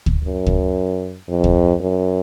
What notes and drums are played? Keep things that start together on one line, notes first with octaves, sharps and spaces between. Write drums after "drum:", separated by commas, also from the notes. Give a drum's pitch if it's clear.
drum: kick
F#2
drum: kick
F2
drum: kick
F#2